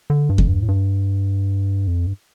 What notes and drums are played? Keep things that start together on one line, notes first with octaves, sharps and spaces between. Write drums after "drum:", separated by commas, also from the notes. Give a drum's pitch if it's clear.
D3
G2
F2, drum: kick E2
G2
A2
G2
F2
G2